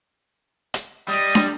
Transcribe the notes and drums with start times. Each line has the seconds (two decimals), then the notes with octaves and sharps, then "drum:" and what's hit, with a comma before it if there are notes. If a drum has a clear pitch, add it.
0.74 drum: hi-hat
1.08 G3 D#5
1.35 drum: snare